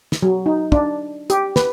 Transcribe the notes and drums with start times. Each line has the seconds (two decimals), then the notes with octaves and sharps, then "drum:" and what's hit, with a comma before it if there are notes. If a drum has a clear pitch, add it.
0.12 drum: snare
0.23 F#3
0.46 D#4
0.72 D4, drum: kick
1.30 G4, drum: hi-hat
1.56 B4, drum: snare